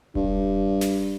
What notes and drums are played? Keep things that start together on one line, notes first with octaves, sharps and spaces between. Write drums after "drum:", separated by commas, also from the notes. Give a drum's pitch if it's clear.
G2, drum: kick E1
drum: snare